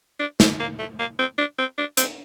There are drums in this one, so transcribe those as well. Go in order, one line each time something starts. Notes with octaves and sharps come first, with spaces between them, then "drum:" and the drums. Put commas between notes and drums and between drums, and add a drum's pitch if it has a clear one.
D4
C4, drum: snare
A#3
A3
A#3
C4
D4
C4
D4
C4, drum: hi-hat